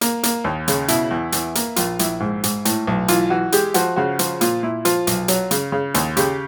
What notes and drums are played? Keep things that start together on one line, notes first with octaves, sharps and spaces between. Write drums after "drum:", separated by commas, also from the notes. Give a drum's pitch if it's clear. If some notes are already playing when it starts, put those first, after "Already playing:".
A#3, drum: hi-hat
A#3, drum: hi-hat
D#2
C#3, drum: hi-hat
B2 E4, drum: hi-hat
E2
E2, drum: hi-hat
A#3, drum: hi-hat
A#1 F4, drum: hi-hat
A#1 E4, drum: hi-hat
G#2
G#2, drum: hi-hat
A2, drum: hi-hat
B1
E3 F4, drum: hi-hat
E3 F#4
G#3 G4, drum: hi-hat
F3 F#4, drum: hi-hat
C#3 F#4
F3, drum: hi-hat
A#2 F4, drum: hi-hat
A#2 E4
F3 F4, drum: hi-hat
B1, drum: hi-hat
F#3, drum: hi-hat
C#3, drum: hi-hat
C#3
D#2, drum: hi-hat
C#3 G4, drum: hi-hat